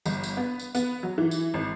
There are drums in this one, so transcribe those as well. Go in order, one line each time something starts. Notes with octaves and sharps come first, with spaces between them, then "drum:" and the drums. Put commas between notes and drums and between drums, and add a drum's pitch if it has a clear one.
G1, drum: tambourine
drum: tambourine
B3
drum: tambourine
B3, drum: tambourine
F#3
E3
drum: tambourine
G#1